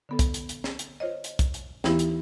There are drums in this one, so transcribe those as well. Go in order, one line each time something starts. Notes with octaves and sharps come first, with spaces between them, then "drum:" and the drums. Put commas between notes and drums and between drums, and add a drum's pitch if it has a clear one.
D3 B3 A4
drum: kick, hi-hat
drum: hi-hat
drum: hi-hat
drum: snare
drum: hi-hat
F4 C5 C#5 D#5
drum: hi-hat
drum: kick, hi-hat
drum: hi-hat
D#2 E3 B3 E4 G4 F5, drum: snare
drum: hi-hat